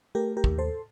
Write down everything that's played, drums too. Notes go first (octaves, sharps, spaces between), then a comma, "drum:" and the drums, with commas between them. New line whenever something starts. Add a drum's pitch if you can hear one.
A3 G4 A#4
G4 A#4
D#2, drum: kick
A4 C5